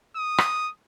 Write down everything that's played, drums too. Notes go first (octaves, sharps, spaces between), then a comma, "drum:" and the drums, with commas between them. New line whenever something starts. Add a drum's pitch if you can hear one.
D#6
drum: rim click